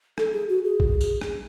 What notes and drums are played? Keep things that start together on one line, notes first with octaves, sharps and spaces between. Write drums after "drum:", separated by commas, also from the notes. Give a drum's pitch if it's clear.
A4, drum: rim click
G#4
F#4
G#4
drum: kick
drum: tambourine
drum: rim click